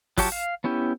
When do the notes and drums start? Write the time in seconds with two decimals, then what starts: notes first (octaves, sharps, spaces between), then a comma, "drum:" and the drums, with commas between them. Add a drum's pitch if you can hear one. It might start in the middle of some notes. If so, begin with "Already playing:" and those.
0.18 F#3 F4 G4 C#5 A5, drum: kick, open hi-hat
0.32 F5
0.64 B3 C#4 E4 G4